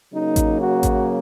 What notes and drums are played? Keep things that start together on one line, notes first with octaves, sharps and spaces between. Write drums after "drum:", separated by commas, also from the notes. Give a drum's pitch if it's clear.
C#3 F#3 A#3 D#4
drum: kick A1, hi-hat
F#4
drum: kick A1, hi-hat